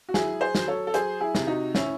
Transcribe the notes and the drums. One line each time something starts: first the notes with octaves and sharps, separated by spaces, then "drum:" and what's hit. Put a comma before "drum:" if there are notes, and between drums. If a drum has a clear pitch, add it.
F#4
F#3 E4 G#4, drum: snare
G#4 C5
F#3, drum: snare
A4 C#5
A4
F#3 G#4 C5, drum: hi-hat
E4 G#4
C3, drum: snare
D#4 F#4
A2 C#4 E4, drum: snare